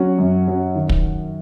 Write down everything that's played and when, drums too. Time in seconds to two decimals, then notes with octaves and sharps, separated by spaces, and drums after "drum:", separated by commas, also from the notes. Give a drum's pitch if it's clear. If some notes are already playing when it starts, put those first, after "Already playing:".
Already playing: F#3 C#4 F#5
0.18 F#2
0.47 F#3 C#4
0.75 D#3
0.89 drum: kick